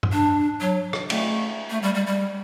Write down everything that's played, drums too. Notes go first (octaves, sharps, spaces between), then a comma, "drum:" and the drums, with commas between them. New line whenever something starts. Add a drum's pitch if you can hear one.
drum: tom
D4
F#3
drum: rim click
A3, drum: cymbal
A3
G3
G3
G3